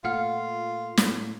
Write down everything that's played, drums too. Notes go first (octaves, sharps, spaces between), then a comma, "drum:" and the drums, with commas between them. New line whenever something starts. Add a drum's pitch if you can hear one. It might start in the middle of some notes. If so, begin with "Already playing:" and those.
A#2 A3 F4 F5 F#5 F6
A2, drum: snare